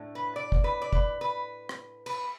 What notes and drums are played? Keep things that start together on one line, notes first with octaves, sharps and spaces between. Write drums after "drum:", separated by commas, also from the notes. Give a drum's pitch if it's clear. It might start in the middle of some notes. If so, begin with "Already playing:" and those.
Already playing: A2 A3 D4
B4
D5
drum: kick
B4
D5
B4, drum: kick
B4
drum: rim click
B4, drum: cymbal